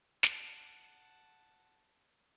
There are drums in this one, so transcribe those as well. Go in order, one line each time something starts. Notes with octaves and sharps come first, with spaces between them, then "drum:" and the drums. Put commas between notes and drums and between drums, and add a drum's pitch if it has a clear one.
F#5 A5, drum: snare